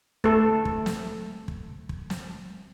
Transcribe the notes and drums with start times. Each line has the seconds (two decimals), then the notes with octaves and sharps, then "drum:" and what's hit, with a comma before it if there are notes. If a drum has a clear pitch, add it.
0.24 A3 A4, drum: kick
0.65 drum: kick
0.86 drum: snare
1.48 drum: kick
1.89 drum: kick
2.10 drum: snare